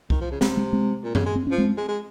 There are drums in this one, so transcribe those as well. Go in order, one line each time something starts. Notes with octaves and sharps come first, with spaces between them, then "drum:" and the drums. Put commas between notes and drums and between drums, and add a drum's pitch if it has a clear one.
D#3, drum: kick C2
F3
C#3
C3 G#3 C4, drum: snare C4
G#3 C4
G#3 C4
A#2
C#3, drum: tom F#2
G#3
C4
F3 C#4
G#3 C4
G#3
G#3